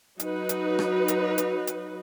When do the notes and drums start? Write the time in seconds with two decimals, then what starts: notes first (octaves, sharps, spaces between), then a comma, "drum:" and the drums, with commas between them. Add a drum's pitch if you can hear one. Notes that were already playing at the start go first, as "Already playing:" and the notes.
0.20 F#3 D#4 F#4 B4, drum: hi-hat
0.49 drum: hi-hat
0.79 drum: rim click
1.08 drum: hi-hat
1.38 drum: hi-hat
1.67 drum: hi-hat